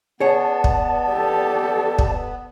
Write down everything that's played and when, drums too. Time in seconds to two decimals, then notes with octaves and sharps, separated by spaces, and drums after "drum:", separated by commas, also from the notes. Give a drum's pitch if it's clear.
0.20 B3 G#4 C#5 D5 A5
0.64 drum: kick
1.09 G4 A4
1.99 drum: kick